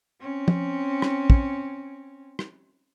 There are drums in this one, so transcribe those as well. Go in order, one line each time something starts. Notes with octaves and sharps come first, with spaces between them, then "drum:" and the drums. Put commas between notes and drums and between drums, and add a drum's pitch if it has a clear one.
C4 C#4
drum: tom
drum: rim click
drum: kick
drum: rim click